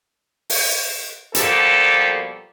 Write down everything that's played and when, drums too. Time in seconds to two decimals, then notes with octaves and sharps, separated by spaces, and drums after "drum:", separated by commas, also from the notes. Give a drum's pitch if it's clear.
0.50 drum: open hi-hat
1.35 B2 F3 G3 A#3 G4 A4, drum: hi-hat